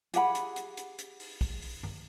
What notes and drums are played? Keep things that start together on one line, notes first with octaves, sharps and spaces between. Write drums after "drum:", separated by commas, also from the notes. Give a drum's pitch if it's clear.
G4 G#4 F#5 B5, drum: hi-hat
drum: hi-hat
drum: hi-hat
drum: hi-hat
drum: hi-hat
drum: open hi-hat
drum: kick, open hi-hat
drum: open hi-hat
drum: tom G2